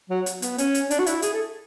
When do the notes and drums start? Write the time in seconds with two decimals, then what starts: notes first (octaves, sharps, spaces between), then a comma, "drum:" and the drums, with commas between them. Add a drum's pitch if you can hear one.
0.10 F#3
0.26 drum: hi-hat
0.42 B3, drum: hi-hat
0.58 C#4, drum: hi-hat
0.74 drum: hi-hat
0.91 D4, drum: hi-hat
0.99 F#4
1.06 E4, drum: hi-hat
1.22 G#4, drum: hi-hat
1.33 A4